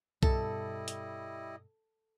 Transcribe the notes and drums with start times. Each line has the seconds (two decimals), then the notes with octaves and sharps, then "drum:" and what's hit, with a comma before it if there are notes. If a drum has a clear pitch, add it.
0.23 G2 B2 G3 E4 A4 D#5, drum: kick B1
0.88 drum: hi-hat